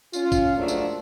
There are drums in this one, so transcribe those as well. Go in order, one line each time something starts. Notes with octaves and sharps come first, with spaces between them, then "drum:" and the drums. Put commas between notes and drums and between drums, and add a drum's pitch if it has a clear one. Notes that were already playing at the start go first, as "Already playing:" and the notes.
C#4 F4, drum: tambourine
drum: kick, tambourine
G#2 F3 F#3 A3 A#3 D4
drum: tambourine